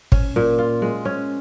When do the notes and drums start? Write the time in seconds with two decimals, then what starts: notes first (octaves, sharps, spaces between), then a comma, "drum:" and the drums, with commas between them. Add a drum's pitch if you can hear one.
0.12 C#4, drum: kick G#1
0.36 A#2
0.58 F4
0.82 G#3
1.05 C#4